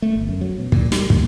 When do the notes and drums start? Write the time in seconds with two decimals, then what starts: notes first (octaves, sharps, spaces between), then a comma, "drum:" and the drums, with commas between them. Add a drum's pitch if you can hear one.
0.02 A3
0.15 G1
0.29 F#2
0.41 F#3
0.58 B2
0.72 A#2, drum: kick
0.92 G3, drum: snare
1.10 A#3, drum: kick